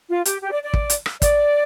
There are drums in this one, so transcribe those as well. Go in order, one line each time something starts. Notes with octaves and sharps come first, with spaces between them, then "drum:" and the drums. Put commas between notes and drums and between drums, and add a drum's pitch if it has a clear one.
F4
G4, drum: hi-hat
G4
D5
D5
drum: kick
drum: hi-hat
drum: rim click
D5, drum: kick, hi-hat